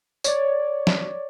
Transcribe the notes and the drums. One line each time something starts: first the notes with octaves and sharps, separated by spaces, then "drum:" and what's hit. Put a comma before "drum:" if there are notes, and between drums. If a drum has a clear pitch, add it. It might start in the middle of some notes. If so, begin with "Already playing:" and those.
C#5 D5, drum: tambourine
drum: snare